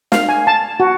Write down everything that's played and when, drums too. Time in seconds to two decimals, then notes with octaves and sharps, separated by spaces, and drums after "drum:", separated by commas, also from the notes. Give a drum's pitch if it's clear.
0.12 F5, drum: snare
0.29 G#5
0.47 A5
0.80 F#4